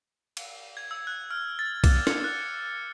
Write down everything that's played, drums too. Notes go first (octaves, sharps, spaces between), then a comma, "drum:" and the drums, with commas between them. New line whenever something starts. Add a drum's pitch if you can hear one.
drum: cymbal
G#6
E6
F#6
F6
A6
D6, drum: kick C2, cymbal
C#7, drum: snare
F#6